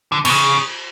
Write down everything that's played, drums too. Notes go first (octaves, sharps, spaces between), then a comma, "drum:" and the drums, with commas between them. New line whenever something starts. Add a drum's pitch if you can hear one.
D3
B2, drum: cymbal
C#3